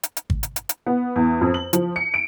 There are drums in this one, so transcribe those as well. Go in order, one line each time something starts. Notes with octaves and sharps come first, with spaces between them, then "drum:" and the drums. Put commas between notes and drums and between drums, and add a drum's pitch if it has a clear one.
drum: hi-hat
drum: hi-hat
drum: kick
drum: hi-hat
drum: hi-hat
drum: hi-hat
B3
E2
F2
F#7
F3, drum: hi-hat
C#7
D7